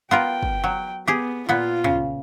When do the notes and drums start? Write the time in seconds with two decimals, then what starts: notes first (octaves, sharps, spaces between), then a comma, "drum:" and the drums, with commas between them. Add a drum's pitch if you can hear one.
0.11 B3 F4 A#4 G5
0.43 drum: kick
0.64 F#3
1.07 B3 G4 G#4
1.49 A#2 B3 F4
1.84 C#3, drum: tom